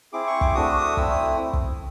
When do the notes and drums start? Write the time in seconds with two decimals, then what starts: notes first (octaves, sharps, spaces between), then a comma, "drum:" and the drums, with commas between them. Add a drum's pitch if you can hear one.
0.13 C4 E4 G#4 D6
0.27 C#6
0.41 D6, drum: kick
0.55 A3 D4 F#4 D#6
0.97 A3 C4 E4 E6, drum: kick
1.11 D#6
1.53 drum: kick